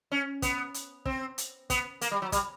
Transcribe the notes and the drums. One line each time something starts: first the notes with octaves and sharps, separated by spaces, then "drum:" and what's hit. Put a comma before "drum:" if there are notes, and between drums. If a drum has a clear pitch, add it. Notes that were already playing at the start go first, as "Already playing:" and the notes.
C#4
B3, drum: kick, hi-hat
drum: hi-hat
C4, drum: kick
drum: hi-hat
B3, drum: kick, hi-hat
A#3, drum: hi-hat
G3
F#3
G3, drum: kick, hi-hat